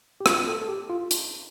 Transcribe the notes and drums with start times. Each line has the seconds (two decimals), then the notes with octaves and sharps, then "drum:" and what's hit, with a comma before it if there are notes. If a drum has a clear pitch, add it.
0.21 G4
0.26 F4, drum: rim click
0.48 A4
0.62 A4
0.68 G4
0.90 F4
1.11 drum: hi-hat